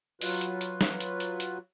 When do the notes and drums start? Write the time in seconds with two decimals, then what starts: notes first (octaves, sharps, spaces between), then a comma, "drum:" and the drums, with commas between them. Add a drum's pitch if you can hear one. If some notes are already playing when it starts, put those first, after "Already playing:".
0.21 F#3 F4 F#4 B4, drum: open hi-hat
0.41 drum: hi-hat
0.61 drum: hi-hat
0.81 drum: snare
1.00 drum: hi-hat
1.20 drum: hi-hat
1.40 drum: hi-hat